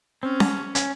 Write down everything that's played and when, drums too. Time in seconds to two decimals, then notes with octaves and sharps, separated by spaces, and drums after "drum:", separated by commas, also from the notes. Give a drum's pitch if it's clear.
0.22 C4 C#4
0.40 drum: snare C#4
0.75 C#4, drum: hi-hat